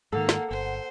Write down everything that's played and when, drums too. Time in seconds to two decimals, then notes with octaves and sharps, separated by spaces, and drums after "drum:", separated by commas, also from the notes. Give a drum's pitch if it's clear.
0.12 G#2 D#3 A#3 A4 F#5
0.29 drum: snare
0.51 G1 C5